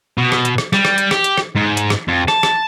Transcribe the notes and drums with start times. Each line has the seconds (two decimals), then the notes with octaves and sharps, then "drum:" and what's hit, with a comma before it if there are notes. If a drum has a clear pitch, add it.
0.18 B2
0.32 drum: rim click
0.45 drum: hi-hat
0.58 drum: rim click
0.73 G3, drum: rim click
0.85 drum: rim click
0.98 drum: hi-hat
1.11 G4, drum: rim click
1.24 drum: hi-hat
1.37 drum: rim click
1.55 G#2
1.77 drum: hi-hat
1.90 drum: rim click
2.08 F2
2.28 A5, drum: rim click
2.43 drum: rim click